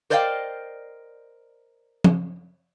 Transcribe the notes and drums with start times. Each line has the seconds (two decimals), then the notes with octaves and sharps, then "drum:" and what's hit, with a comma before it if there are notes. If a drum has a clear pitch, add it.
0.10 A#4 C5 D5 D#5 F5 G5
2.04 drum: tom